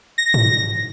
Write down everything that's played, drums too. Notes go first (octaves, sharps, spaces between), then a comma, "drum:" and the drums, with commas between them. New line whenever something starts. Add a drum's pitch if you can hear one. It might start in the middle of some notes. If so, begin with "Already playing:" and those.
A#6
drum: tom G#2